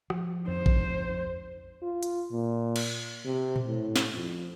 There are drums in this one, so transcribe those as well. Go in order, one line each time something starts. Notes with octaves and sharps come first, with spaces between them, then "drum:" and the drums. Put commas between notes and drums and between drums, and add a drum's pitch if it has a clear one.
F3, drum: rim click
F2 C5
drum: kick
F4
drum: hi-hat
A#2
drum: cymbal
C3
drum: tom A#2
A2
drum: snare
F2